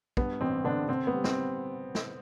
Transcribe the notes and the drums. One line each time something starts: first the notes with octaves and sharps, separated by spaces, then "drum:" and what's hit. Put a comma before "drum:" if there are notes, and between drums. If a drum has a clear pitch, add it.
G2 B3, drum: kick
A1 C4
D3 B3 D4
D3 C4
B3
G3
C4, drum: snare
drum: snare